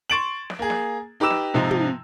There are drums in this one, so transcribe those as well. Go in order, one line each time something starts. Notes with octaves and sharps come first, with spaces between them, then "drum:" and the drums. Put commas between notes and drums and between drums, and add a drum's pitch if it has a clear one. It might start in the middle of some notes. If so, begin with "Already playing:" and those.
C6 C#6 A6 D7 E7 F#7
drum: snare
A#3 G#4
drum: snare
D#4 G4 B4 D6 E6 E7
drum: snare
G#2 C3 F3 D#4
drum: tom